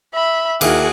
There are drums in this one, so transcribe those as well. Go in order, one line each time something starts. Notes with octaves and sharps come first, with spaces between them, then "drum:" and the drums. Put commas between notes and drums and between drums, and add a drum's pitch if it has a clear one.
E5 B5
D#2 A#3 E4 F#4 G#4, drum: cymbal